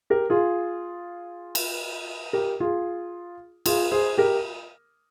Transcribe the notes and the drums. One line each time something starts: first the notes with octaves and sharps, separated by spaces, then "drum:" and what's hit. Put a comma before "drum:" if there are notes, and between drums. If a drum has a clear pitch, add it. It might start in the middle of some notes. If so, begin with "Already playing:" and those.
G4 A#4
F4 G#4
drum: cymbal
G4 A#4
F4 G#4
F4 G#4, drum: cymbal
G#4 C5
G4 A#4